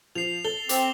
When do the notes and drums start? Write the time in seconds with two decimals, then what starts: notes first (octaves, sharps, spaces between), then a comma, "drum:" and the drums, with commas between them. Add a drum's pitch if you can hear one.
0.15 F3 C7 F7
0.45 A4 G7
0.69 C4 D6, drum: hi-hat